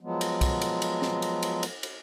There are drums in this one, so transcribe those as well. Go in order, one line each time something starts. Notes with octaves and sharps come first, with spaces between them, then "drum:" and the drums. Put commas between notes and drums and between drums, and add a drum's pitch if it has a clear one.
F3 F#3 G#3 B3
drum: cymbal
drum: kick, cymbal
drum: cymbal
drum: cymbal
drum: snare
drum: cymbal
drum: cymbal
drum: cymbal
drum: cymbal